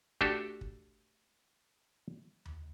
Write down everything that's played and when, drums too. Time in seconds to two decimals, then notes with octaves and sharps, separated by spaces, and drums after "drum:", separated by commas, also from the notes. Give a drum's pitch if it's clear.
0.21 A3 D4 F#4 G4 A4, drum: kick
0.61 drum: kick
2.45 drum: tom D#2